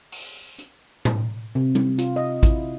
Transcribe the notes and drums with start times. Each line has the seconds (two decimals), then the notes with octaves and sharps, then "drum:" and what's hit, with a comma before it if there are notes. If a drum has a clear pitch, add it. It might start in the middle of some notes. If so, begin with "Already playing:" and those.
0.12 drum: open hi-hat
0.59 drum: hi-hat
1.05 drum: tom A2
1.55 C3
1.75 drum: tom G3
1.98 F4, drum: hi-hat
2.16 D#5
2.43 E4, drum: kick A1, hi-hat